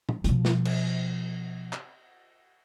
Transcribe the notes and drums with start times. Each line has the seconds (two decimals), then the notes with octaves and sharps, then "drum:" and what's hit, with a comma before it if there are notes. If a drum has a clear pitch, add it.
0.09 drum: tom
0.24 B2 F3, drum: hi-hat
0.45 drum: snare
0.65 drum: cymbal
1.73 drum: clap